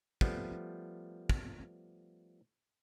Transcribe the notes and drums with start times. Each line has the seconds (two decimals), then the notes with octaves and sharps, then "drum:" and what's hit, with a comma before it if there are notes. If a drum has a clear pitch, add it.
0.21 F3 G3 A3 B3, drum: kick
1.29 drum: kick